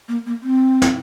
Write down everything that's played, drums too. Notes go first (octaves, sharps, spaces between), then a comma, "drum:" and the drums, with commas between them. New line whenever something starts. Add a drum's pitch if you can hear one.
A#3
A#3
C4
drum: snare